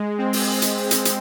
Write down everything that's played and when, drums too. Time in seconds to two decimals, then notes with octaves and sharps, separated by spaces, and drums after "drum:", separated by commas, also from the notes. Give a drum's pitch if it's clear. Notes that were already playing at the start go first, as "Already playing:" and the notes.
Already playing: G#3
0.18 C4
0.33 drum: open hi-hat
0.62 drum: hi-hat
0.91 drum: hi-hat
1.05 drum: hi-hat